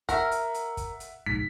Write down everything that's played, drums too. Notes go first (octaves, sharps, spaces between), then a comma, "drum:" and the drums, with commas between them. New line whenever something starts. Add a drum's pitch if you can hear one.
A#4 E5 F#5, drum: kick, hi-hat
drum: hi-hat
drum: hi-hat
drum: kick, hi-hat
drum: hi-hat
F1 A#1 G#2 B6